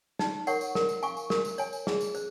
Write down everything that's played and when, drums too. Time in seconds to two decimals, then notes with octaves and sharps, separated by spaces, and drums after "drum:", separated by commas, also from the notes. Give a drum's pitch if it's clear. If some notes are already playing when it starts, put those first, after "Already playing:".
0.19 D#4, drum: snare
0.47 A#4 C#5 F#5 C#6, drum: tambourine
0.61 drum: tambourine
0.75 A#4, drum: snare
0.89 drum: tambourine
1.03 F5 G#5 C#6, drum: tambourine
1.17 drum: tambourine
1.30 A#4, drum: snare
1.45 drum: tambourine
1.58 C#5 G#5, drum: tambourine
1.73 drum: tambourine
1.87 G#4, drum: snare
2.01 drum: tambourine
2.15 C5, drum: tambourine